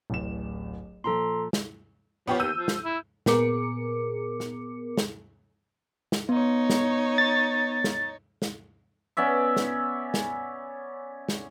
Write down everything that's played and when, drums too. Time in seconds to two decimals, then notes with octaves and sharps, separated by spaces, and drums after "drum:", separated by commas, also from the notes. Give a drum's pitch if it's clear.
0.10 D1 A1 E7
1.04 A#2 F3 A4 A#5 C6
1.53 drum: snare
2.28 F3 B3 G4 C#5
2.40 D#2 E6 G6 D#7
2.57 F3
2.68 drum: snare
2.85 E4
3.26 A#2 B3 G#4 A#4 D6 C#7, drum: snare
4.40 drum: snare
4.97 drum: snare
6.12 drum: snare
6.29 B3 D#4 C#5
6.70 drum: snare
7.18 A6
7.84 drum: snare
8.42 drum: snare
9.17 B3 C#4 D5 E5
9.56 drum: snare
10.14 drum: snare
11.29 drum: snare